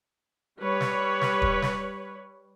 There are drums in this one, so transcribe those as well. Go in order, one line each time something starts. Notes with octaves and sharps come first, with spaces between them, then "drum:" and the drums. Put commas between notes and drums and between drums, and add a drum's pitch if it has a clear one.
G3 B4 C#5
drum: snare
drum: snare
drum: kick
drum: snare